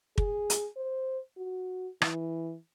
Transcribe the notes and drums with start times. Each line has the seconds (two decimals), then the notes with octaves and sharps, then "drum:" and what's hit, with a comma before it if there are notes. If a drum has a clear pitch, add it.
0.18 G#4, drum: kick
0.50 drum: hi-hat
0.77 C5
1.38 F#4
2.02 E3, drum: rim click